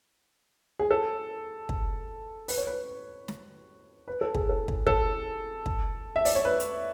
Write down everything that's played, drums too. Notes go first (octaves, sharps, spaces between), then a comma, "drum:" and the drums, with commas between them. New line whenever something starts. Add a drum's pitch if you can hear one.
G#4
A4
drum: kick
B4, drum: open hi-hat
C#5
B4
drum: snare
B4
A4
G#4, drum: kick
A4
drum: kick
A4, drum: kick
drum: kick
E5
D5, drum: open hi-hat
C#5
B4
drum: hi-hat